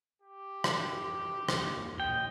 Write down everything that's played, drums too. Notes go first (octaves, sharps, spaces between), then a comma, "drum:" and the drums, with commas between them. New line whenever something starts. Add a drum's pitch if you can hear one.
G4
drum: rim click
D#2 A#3, drum: rim click
A#1 D#2 D#5 G5